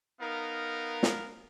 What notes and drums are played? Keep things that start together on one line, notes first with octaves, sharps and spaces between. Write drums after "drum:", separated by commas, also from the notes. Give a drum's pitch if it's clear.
B3 D#4 A#4 F5
drum: snare